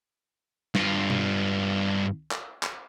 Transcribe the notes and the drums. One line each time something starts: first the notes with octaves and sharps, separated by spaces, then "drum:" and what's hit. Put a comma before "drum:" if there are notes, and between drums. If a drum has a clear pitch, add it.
G2 F4, drum: snare
drum: tom B2
drum: clap
drum: clap